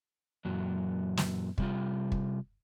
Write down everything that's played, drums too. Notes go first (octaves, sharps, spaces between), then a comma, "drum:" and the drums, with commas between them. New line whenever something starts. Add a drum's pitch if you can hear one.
F#2 A#2 E3 F#3
drum: snare
C3 G3 F4, drum: kick
drum: kick